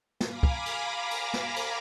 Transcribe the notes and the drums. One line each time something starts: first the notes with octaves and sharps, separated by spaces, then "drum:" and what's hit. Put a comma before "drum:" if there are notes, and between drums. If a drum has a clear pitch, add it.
F5 G#5 A#5 B5 D6 A#6, drum: snare
drum: kick
drum: cymbal
drum: cymbal
drum: snare
drum: cymbal